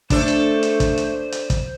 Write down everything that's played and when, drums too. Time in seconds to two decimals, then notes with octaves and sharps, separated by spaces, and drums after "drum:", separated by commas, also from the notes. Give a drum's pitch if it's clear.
0.10 A3 D4 A4 C5, drum: kick, hi-hat
0.28 drum: hi-hat
0.63 drum: hi-hat
0.80 drum: kick, hi-hat
0.97 drum: hi-hat
1.32 drum: hi-hat
1.50 drum: kick, hi-hat